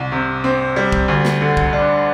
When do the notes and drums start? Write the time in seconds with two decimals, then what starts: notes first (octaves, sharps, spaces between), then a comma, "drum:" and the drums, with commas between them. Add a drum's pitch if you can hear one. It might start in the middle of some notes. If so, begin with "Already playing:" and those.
Already playing: C2
0.12 C3
0.44 C4
0.76 G3
0.92 drum: kick
1.08 D2
1.25 drum: snare
1.41 D3
1.57 drum: kick
1.73 D4